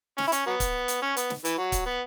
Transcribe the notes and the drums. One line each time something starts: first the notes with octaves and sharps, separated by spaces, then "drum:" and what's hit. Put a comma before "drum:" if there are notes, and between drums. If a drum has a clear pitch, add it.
C#4, drum: snare
E4
C#4, drum: hi-hat
F#3 B3
drum: kick C#1, hi-hat
drum: hi-hat
C#4
B3, drum: hi-hat
drum: snare
E3, drum: hi-hat
F#3
drum: kick C#1, hi-hat
B3